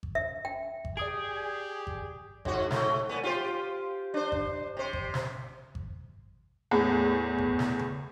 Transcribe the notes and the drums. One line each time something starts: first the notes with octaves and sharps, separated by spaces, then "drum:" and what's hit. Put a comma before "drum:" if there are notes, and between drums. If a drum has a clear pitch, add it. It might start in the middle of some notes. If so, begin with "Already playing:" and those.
drum: kick G#1
E5
G5
drum: kick G#1
G4 G#4 D5 D#6 D7
drum: kick G#1
G#2 F#4, drum: kick G#1
G#2 A3, drum: snare
A2 B3
F4 G4 C5
D4 C5
drum: kick G#1
C3 C5
drum: kick G#1
drum: snare
drum: kick G#1
E2 A2
drum: kick G#1
drum: snare
drum: tom C#3